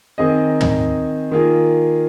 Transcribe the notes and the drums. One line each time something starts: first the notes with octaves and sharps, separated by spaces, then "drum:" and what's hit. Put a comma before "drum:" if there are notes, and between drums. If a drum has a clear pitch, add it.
D#3 C4 D#4 G#4 D#5
drum: tom
D#3 A#3 F4 G#4